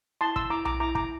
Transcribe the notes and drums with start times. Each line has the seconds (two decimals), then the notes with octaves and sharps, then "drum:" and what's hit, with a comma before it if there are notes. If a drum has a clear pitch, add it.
0.21 E4 A5 C6
0.36 C6 E6, drum: kick
0.50 E4 A#5 D6
0.65 A#5 D6, drum: tom B1
0.80 E4 A#5 D6
0.95 A#5 D6, drum: kick